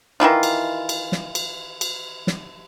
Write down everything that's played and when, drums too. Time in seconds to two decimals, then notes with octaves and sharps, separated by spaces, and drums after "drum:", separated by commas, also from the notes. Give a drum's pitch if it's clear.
0.20 D#3 E3 E4 F4
0.43 drum: cymbal
0.89 drum: cymbal
1.12 drum: snare
1.35 drum: cymbal
1.81 drum: cymbal
2.27 drum: snare